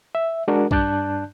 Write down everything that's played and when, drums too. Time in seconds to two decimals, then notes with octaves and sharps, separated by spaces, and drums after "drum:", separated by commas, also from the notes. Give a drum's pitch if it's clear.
0.15 E5
0.48 G#3 D4 F#4 A#4
0.71 G2 D4 D5 A5 F#6 G6, drum: kick A#1